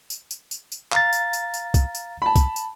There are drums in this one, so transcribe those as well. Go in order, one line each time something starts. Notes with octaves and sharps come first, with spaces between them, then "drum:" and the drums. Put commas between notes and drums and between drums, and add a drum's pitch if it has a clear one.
drum: tambourine
drum: tambourine
drum: tambourine
drum: tambourine
F5 A#5 A6, drum: clap
drum: tambourine
drum: tambourine
drum: tambourine
drum: kick C2, tambourine
drum: tambourine
A5 B5
drum: kick C2, tambourine
drum: tambourine